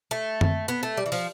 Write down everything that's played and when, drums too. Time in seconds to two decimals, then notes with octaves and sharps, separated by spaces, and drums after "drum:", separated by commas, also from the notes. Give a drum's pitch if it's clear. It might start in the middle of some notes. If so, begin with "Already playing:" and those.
0.11 A3
0.41 drum: tom F#2
0.68 B3
0.83 A3
0.97 G3
1.06 E3
1.12 F3, drum: open hi-hat